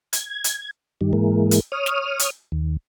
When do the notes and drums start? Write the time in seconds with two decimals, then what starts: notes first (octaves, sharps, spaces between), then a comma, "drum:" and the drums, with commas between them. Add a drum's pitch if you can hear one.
0.13 G#6, drum: hi-hat
0.44 drum: hi-hat
1.01 G2 D#3 G3
1.13 G#2 E3 G#3 A#3
1.51 drum: hi-hat
1.72 C#5 D#6 F6
1.86 drum: snare
2.19 drum: hi-hat
2.52 D#2